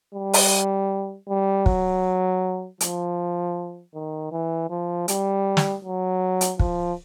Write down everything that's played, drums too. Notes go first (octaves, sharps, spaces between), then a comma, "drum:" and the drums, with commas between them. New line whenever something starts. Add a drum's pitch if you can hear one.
G3
drum: open hi-hat
G3
F#3, drum: kick
F3, drum: hi-hat
D#3
E3
F3
G3, drum: hi-hat
drum: snare
F#3
drum: hi-hat
F3, drum: kick